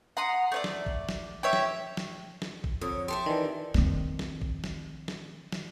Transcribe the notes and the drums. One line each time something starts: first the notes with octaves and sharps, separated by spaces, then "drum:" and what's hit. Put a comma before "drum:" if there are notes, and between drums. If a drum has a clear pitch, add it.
F#5 A#5 C6 D#6
A3 C#5 D5
drum: snare
drum: kick A1
drum: snare
G4 C#5 E5
drum: snare
drum: snare
drum: snare
drum: kick A1
F2 D3 C#5 D#6
G4 A4 E5 C6
D#3 E3 D5
D#3 C4, drum: snare
drum: snare
drum: kick A1
drum: snare
drum: snare
drum: snare